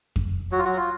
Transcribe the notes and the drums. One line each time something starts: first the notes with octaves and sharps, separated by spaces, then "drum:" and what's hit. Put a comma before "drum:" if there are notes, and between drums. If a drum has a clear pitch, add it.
drum: kick F2
F#3 F#4
F4
F#3 F#4
F4